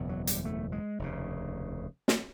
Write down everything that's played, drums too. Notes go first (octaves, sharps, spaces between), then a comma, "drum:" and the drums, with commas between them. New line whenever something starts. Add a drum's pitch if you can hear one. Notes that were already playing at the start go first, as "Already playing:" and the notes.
Already playing: F#1 E2 B2
F#3
G3, drum: hi-hat
A3
G#3
F1 D#2 C#3
drum: snare